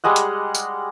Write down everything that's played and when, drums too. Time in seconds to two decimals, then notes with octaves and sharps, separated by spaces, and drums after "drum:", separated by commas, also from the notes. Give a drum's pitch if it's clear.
0.04 G3 G#3 D#5 F#5
0.16 drum: hi-hat
0.55 drum: tambourine